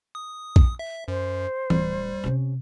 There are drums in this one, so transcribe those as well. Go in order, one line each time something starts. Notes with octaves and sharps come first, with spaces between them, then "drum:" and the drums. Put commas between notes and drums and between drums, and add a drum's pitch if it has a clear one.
D#6
drum: kick A#1
E5
F#2 C5
D1 G3, drum: tom E3
C3 C#4